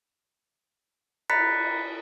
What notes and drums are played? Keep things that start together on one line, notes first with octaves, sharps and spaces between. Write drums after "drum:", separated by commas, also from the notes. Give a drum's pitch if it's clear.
A#5 B5 F#6 A6 B6 C#7, drum: cymbal